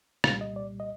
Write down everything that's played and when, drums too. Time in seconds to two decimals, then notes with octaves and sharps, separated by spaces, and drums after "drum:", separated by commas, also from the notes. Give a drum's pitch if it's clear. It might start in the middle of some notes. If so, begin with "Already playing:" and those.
0.24 C2 A#2 G3 F5, drum: rim click
0.41 D#5
0.56 D5
0.80 D#5